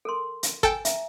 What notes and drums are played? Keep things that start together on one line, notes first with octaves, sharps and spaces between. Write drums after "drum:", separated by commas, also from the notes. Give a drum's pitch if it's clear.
A4 A#4 C6
drum: hi-hat
A4 G5 G#5, drum: kick
E5 A#5, drum: hi-hat